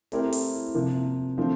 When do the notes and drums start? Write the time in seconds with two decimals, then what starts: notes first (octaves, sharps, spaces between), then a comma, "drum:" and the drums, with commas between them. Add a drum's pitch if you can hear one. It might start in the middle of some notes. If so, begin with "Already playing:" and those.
0.12 A3 C4 E4 G4 A#4, drum: hi-hat
0.32 drum: open hi-hat
0.75 C3 F3 A#3
1.37 D3 F3 A3 C4